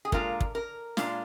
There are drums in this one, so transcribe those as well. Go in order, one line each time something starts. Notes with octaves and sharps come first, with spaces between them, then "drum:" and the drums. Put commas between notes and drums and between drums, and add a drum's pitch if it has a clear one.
G#4
A#2 G#3 D4 F4 A#4, drum: kick
drum: kick
A#4
A#2 G#3 D4 F4, drum: snare